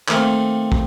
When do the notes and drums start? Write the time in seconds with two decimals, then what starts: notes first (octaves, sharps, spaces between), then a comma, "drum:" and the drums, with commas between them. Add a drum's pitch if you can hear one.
0.09 D#3 A3 A#3 C4, drum: clap
0.72 drum: kick